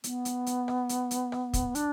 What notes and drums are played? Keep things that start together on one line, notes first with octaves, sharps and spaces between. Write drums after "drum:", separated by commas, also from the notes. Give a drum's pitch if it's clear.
B3, drum: hi-hat
drum: hi-hat
drum: hi-hat
drum: rim click
drum: hi-hat
drum: hi-hat
drum: rim click
drum: kick, hi-hat
D4, drum: hi-hat